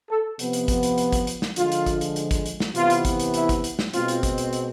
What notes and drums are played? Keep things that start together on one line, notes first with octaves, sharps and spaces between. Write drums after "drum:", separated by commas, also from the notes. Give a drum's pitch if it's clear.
A4
C3 F3 B3, drum: hi-hat
drum: hi-hat
drum: kick, hi-hat
drum: hi-hat
drum: hi-hat
drum: kick, hi-hat
drum: hi-hat
drum: snare
D3 F3 G#3 F4, drum: hi-hat
drum: hi-hat
drum: kick, hi-hat
drum: hi-hat
drum: hi-hat
drum: kick, hi-hat
drum: hi-hat
drum: snare
C3 E3 B3 F4, drum: hi-hat
drum: hi-hat
drum: kick, hi-hat
drum: hi-hat
E4, drum: hi-hat
drum: kick, hi-hat
drum: hi-hat
drum: snare
B2 G#3 C4 F4, drum: hi-hat
drum: hi-hat
drum: kick, hi-hat
drum: hi-hat
drum: hi-hat